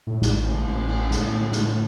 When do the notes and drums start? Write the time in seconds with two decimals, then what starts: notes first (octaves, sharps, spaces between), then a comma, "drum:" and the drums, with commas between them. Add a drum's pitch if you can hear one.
0.07 A2
0.22 A1, drum: snare
0.43 drum: cymbal
0.66 A1, drum: cymbal
0.87 drum: cymbal
1.11 A2, drum: snare
1.30 drum: cymbal
1.52 drum: snare